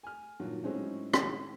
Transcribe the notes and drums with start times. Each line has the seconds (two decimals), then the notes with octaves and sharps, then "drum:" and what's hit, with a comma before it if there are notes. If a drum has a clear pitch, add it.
0.03 G#5 F6
0.40 G2 A#2 D#3 F#3
0.64 A2 F#3 G#3 C4 C#4 D#4
1.14 drum: rim click